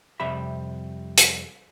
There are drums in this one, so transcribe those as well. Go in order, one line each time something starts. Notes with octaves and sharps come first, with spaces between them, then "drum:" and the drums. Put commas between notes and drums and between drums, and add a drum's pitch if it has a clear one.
F2 C3 G3 E5 B5
drum: hi-hat